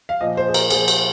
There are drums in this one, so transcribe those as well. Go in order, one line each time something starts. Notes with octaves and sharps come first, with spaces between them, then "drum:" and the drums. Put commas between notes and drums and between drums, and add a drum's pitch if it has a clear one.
F5
A#2 F3 D#5
C5
G#4
A#4, drum: cymbal
A#2 F3 G#4, drum: cymbal
drum: cymbal